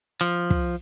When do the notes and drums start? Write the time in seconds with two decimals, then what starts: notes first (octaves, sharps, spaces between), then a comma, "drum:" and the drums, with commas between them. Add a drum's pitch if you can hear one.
0.21 F3
0.50 drum: kick